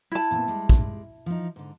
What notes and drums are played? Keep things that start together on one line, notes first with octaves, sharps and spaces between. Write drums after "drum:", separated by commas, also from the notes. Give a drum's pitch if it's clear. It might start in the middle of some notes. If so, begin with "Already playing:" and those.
E4 A5
A#2 B3 C4
G3 G#3
drum: kick
F3 D#4
G#2 D3